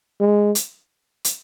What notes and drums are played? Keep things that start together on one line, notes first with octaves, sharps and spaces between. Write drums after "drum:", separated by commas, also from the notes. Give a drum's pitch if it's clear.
G#3
drum: hi-hat
drum: hi-hat